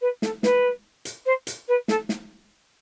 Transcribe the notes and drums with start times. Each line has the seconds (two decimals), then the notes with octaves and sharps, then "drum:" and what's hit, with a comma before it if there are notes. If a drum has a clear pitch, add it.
0.01 B4
0.22 A4, drum: snare
0.43 B4, drum: snare
1.05 drum: hi-hat
1.26 C5
1.47 drum: hi-hat
1.68 B4
1.88 A4, drum: snare
2.09 drum: snare